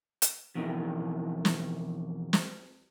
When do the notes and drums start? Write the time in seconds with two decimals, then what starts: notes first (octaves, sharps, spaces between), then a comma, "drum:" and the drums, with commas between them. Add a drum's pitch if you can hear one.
0.22 drum: hi-hat
0.55 F2 B2 D#3 E3
1.45 drum: snare
2.33 drum: snare